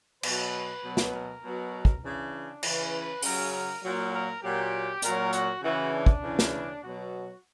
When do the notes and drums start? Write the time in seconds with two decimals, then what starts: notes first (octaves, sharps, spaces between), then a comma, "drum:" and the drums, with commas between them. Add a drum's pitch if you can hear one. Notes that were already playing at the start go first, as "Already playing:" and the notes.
0.23 B2 F#3 B4, drum: cymbal
0.83 B2 F#3
0.97 drum: snare
1.14 A#4
1.44 B2 F#3
1.85 drum: kick
2.03 C#3 E3 D4
2.63 C#3 E3 B4, drum: cymbal
3.22 C#3 F#3 A#4, drum: open hi-hat
3.52 A#4
3.82 A#2 F#3
4.13 A#4
4.42 A#2 F#3 G4
5.02 A#2 F#3 A#4, drum: hi-hat
5.33 F#4, drum: hi-hat
5.62 C#3 E3 F#4
5.92 D4
6.06 drum: kick
6.22 C#3 E3
6.39 drum: snare
6.82 B2 F#3 F#4